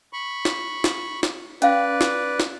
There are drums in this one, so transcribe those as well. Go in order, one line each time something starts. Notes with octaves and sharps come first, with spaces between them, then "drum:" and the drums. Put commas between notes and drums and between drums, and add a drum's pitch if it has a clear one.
B5 C#6
drum: snare
drum: snare
drum: snare
C#4 B4 D5 F5, drum: hi-hat
drum: snare
drum: snare